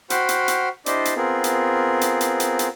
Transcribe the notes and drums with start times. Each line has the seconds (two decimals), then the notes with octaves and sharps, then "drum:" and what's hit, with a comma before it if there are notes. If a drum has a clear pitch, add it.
0.10 F#4 C5 F#5 G5 B5 F6, drum: hi-hat
0.29 drum: hi-hat
0.48 drum: hi-hat
0.86 D4 E4 G4 C5 D5 D#5, drum: hi-hat
1.05 drum: hi-hat
1.16 B3 C4 F4 G#4 A#4
1.44 drum: hi-hat
2.01 drum: hi-hat
2.21 drum: hi-hat
2.40 drum: hi-hat
2.59 drum: hi-hat